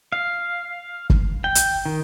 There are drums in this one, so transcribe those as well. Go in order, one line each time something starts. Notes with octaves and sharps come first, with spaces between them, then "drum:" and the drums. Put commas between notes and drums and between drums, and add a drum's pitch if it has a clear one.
F5
drum: kick
G5
drum: hi-hat
D#3